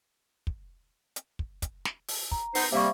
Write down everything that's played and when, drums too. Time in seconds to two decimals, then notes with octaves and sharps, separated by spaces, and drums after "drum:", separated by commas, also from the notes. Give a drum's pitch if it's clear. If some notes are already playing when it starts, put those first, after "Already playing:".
0.47 drum: kick
1.16 drum: hi-hat
1.39 drum: kick
1.62 drum: kick, hi-hat
1.85 drum: snare
2.08 drum: open hi-hat
2.31 A#5, drum: kick
2.55 B3 D#4 C5, drum: open hi-hat
2.72 C3 G3 A#3 E5 F5 C#6